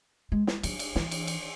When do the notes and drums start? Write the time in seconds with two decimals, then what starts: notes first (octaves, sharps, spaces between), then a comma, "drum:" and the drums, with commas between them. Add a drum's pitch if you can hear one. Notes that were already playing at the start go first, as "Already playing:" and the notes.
0.32 G#3
0.47 drum: snare
0.63 F#3, drum: cymbal
0.79 drum: cymbal
0.95 E3, drum: snare
1.11 drum: cymbal
1.27 drum: cymbal